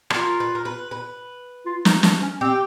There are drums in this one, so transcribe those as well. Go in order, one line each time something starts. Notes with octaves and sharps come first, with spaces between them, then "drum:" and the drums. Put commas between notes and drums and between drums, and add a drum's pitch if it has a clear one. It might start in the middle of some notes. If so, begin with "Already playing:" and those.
A4, drum: rim click
F4 A#4
B4
A#4
B4
B4
F4
D#4, drum: snare
D4, drum: snare
C#4
C4 G4